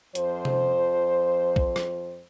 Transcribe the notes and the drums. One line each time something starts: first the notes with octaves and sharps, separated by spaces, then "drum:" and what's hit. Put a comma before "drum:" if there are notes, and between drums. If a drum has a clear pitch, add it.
F2 F3 C5, drum: hi-hat
drum: tom C3
drum: kick
drum: rim click